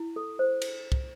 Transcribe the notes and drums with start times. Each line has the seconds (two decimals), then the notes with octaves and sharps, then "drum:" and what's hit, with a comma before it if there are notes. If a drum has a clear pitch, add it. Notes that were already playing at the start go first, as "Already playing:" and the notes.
Already playing: E4
0.16 A4
0.39 C5
0.62 drum: cymbal
0.92 drum: kick